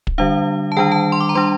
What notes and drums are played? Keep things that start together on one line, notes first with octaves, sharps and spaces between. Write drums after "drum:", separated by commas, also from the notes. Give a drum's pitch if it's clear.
drum: kick
D3 G3 D4 F5
A5
D#3 G3 D4 G5
A5
C6
D6
A#5
G3 D4 C6